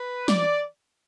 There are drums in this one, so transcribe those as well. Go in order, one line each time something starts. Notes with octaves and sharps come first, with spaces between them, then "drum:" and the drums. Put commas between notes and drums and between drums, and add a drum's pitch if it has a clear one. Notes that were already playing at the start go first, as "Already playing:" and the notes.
Already playing: B4
D5, drum: snare